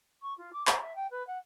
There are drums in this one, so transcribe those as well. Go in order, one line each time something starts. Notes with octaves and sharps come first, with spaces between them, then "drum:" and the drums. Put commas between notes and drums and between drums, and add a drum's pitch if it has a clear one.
C#6
F4
D6
C5, drum: clap
E5
G5
B4
F#5